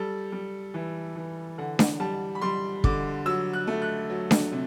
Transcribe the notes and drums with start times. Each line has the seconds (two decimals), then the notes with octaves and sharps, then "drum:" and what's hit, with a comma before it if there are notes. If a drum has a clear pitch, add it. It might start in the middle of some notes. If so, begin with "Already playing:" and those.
Already playing: G3 A4
0.32 G3
0.74 E3
1.16 E3
1.58 D3 F#5
1.79 drum: snare D4
2.00 G3 A5
2.35 B5
2.41 G3 C6
2.84 D3 D6, drum: kick
3.26 F#3 E6
3.53 F#6
3.67 A3
3.82 F#6
4.10 F#3
4.31 drum: snare D4
4.52 C3